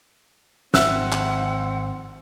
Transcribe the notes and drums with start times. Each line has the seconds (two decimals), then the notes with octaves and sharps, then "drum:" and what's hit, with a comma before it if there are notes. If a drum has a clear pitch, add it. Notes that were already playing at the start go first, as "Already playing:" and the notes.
0.74 G#1 C4 E5 F#5 E6 F#6, drum: snare
1.12 drum: clap